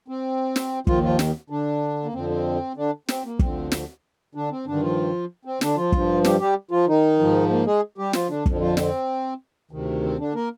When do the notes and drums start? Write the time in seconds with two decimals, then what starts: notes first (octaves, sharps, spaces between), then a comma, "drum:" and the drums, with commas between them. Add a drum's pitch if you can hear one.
0.08 C4
0.56 drum: snare
0.87 D#2 D#3 F3 F4, drum: kick
1.03 F3 F4
1.19 drum: snare
1.50 D3 D4
2.04 A#3
2.14 F2 D3 F3 C4
2.30 C4
2.76 D3 D4
3.08 C4, drum: snare
3.25 A#3
3.39 D2 D3 F3 C4, drum: kick
3.72 drum: snare
4.35 D3 D4
4.51 C4
4.66 G2 D3 D#3 D4
4.82 F3 F4
5.45 C4
5.61 D3 D4, drum: snare
5.76 F3 F4
5.92 G2 F3, drum: kick
6.24 G3 G4, drum: snare
6.40 G3 G4
6.71 F3 F4
6.87 D#3 D#4
7.19 G#2 F3
7.51 A#3
7.66 G#3 G#4
7.98 G3 G4
8.13 F3 F4, drum: snare
8.29 D3 D4
8.46 F2 D3 F3, drum: kick
8.61 F3 F4
8.77 C4, drum: snare
9.71 D2 C3 D#3
10.03 C4
10.18 D3 D4
10.34 A#3 A#4